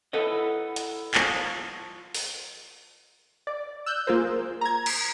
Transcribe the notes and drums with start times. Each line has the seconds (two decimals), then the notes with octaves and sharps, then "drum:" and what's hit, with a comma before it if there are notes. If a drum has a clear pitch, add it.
0.13 E4 A4 B4 D#5 F#5
0.37 A#4
0.76 drum: hi-hat
1.14 F3 C#6 E6, drum: clap
2.15 drum: open hi-hat
3.47 D5
3.86 E6 F#6 G6
4.07 A#3 F4 G#4 A#4 C5
4.61 A#5 G#6
4.86 drum: cymbal